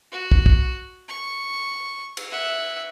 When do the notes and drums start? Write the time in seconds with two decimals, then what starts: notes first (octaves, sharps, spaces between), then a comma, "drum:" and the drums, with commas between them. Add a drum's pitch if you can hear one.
0.12 F#4
0.31 drum: kick
0.46 drum: kick
1.08 C#6
2.17 drum: cymbal
2.31 E5 F#5